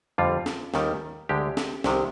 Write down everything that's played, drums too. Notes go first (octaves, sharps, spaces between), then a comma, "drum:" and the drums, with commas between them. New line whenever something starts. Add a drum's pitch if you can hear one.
F2 D3 G3 F4
drum: snare
D#2 D#3 G3, drum: snare
D2 D3 G#3 G4
drum: snare
C2 C3 D#3, drum: snare